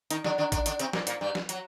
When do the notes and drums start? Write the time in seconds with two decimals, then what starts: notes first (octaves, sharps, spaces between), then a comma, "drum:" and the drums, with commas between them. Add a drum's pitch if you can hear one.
0.10 D#3 D#4, drum: hi-hat
0.24 D3 D4, drum: snare
0.38 D3 D4
0.52 D3 D4, drum: kick, hi-hat
0.66 D3 D4, drum: hi-hat
0.79 C3 C4, drum: hi-hat
0.93 A#2 A#3, drum: snare
1.07 A#2 A#3, drum: hi-hat
1.21 G2 G3
1.35 drum: snare
1.49 F#3, drum: hi-hat